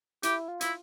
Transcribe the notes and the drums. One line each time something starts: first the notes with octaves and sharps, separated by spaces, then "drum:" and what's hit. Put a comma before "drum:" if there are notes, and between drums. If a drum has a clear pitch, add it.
E4 G4, drum: hi-hat
F4
E4, drum: hi-hat